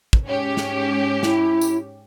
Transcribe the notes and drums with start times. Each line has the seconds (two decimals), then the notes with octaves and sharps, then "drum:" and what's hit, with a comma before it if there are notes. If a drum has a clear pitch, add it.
0.13 drum: kick
0.25 G#2 C#4 G4
0.57 drum: snare
1.23 E4, drum: snare
1.61 drum: tambourine